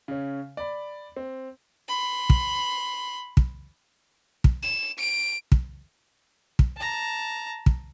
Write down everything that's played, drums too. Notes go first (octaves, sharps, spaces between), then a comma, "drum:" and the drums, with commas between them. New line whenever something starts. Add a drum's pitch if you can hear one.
C#3 C#4
D5 B5
C4
B5 C6
drum: kick
drum: kick
drum: kick
E7
D7
drum: kick
drum: kick
A5 A#5
drum: kick